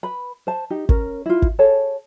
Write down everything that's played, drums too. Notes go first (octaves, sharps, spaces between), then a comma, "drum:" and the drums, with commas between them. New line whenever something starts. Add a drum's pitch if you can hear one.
B4 B5
C5 A5
D#4 G4
C#4 A#4, drum: kick
E4 F4
drum: kick
G#4 A4 C#5 A5